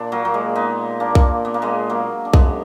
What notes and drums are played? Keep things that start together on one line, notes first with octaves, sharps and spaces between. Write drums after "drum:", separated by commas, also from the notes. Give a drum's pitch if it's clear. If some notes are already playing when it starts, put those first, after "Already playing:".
Already playing: A#2 D4
F#3 A#3
F#3
G#3
B3 D#4
A#3 D4
drum: kick B1
B3
A#3
G#3 B3
F#3 A#3
D4
F#2 G#3 B3, drum: kick B1